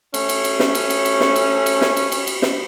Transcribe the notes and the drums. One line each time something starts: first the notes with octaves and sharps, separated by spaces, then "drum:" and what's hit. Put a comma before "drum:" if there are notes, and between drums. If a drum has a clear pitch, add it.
A3 C#4, drum: cymbal
drum: cymbal
drum: cymbal
drum: snare
drum: cymbal
drum: cymbal
drum: cymbal
drum: snare
drum: cymbal
drum: cymbal
drum: snare
drum: cymbal
drum: cymbal
drum: cymbal
drum: snare